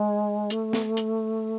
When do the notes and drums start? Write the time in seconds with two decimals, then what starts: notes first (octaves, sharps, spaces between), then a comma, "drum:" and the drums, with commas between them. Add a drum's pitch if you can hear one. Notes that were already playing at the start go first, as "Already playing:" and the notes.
Already playing: G#3
0.50 A3, drum: hi-hat
0.73 drum: snare
0.97 drum: hi-hat